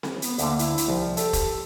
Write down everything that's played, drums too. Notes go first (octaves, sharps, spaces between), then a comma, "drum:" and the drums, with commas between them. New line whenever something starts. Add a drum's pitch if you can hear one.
drum: snare C4
B3, drum: hi-hat
D2 D3 A#3, drum: hi-hat
E4, drum: hi-hat
drum: hi-hat
C2 F3
G4 A4 A5, drum: hi-hat
drum: kick, hi-hat